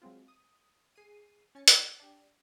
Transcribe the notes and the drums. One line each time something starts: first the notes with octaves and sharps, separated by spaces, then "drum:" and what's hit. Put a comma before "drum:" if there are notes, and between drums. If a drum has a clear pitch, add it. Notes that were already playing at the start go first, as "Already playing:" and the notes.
F#3 G#3 C4 F4
D#6
G#4 C7 D#7
C#4 G#5 A6 C#7
F#5, drum: hi-hat
D4 G4